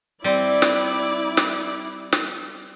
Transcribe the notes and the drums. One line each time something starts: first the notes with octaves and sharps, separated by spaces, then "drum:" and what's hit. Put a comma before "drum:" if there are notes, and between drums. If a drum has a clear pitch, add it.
G3 C4 E4 D5
drum: snare
drum: snare
drum: snare